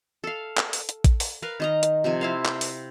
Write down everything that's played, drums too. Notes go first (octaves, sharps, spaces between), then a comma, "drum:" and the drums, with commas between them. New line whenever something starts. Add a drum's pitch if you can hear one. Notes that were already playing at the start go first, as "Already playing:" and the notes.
A4 F5
drum: clap
drum: open hi-hat
drum: hi-hat
drum: kick A1, hi-hat
drum: open hi-hat
A#4 B4 F5
D#3 D#5 A#5
drum: hi-hat
C3 F3 G#5
E4 C5 F5
G5, drum: clap
drum: open hi-hat